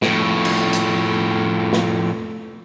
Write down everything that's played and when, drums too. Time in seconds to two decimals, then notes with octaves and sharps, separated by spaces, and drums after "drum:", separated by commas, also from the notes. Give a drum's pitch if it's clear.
0.02 F2 A2, drum: snare
0.45 drum: cymbal
0.73 drum: hi-hat
1.73 drum: snare